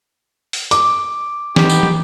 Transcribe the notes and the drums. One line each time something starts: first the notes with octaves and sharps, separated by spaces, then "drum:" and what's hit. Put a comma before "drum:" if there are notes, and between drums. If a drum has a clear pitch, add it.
drum: open hi-hat
D6, drum: hi-hat
B3 D#4 G4, drum: snare
drum: tambourine
drum: tom